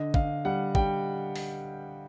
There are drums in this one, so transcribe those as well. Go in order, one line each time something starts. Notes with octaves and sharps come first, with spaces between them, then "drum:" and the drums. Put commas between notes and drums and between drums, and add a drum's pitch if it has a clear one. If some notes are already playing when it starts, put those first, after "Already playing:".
Already playing: D3 D#5
D3 F5, drum: kick
G3 F#5
G3 G5, drum: kick
drum: open hi-hat